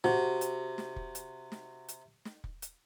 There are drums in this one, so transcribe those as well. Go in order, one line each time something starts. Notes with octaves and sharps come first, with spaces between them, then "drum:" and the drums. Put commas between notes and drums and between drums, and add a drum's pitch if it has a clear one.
C3 F#4, drum: snare
drum: hi-hat
drum: snare
drum: kick
drum: hi-hat
drum: snare
drum: hi-hat
drum: snare
drum: kick
drum: hi-hat